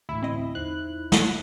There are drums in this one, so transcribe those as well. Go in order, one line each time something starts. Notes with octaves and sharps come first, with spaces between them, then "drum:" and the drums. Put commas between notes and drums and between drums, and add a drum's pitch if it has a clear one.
A1 D2 E4
C4 D#5
E2 D#4 C5 F#6
A#3 F4, drum: snare